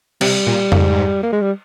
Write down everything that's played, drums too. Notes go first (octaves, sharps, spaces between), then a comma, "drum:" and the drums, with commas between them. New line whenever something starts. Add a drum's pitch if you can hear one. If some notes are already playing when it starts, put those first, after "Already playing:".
C3 G3, drum: cymbal
A#2
G#2, drum: tom F2
A#3
G#3
G3